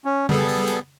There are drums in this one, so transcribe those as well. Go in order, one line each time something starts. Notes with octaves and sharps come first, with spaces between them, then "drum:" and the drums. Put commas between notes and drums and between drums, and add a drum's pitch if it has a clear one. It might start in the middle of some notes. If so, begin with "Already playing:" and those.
C#4
G3 B3 G#4 A4, drum: tom C#3
drum: open hi-hat
drum: hi-hat